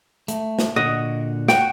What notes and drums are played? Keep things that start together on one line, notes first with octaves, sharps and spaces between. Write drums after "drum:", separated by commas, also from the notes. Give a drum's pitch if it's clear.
A3, drum: hi-hat
drum: snare
A#2 D3 F#4 D#5
F#4 G5, drum: snare